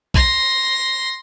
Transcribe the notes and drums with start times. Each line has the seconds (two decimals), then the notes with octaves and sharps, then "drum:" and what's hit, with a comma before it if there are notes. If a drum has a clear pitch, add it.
0.14 C6 A#6, drum: kick